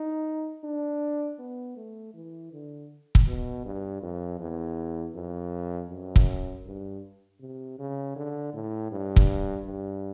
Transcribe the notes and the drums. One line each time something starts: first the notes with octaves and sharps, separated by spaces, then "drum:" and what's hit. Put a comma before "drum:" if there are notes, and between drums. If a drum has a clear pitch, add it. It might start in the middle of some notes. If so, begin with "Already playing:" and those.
Already playing: D#4
D4
B3
A3
E3
D3
drum: kick
B2
G2
F2
E2
F2
F#2
drum: kick
G2
C3
C#3
D3
A2
G2
drum: kick
G2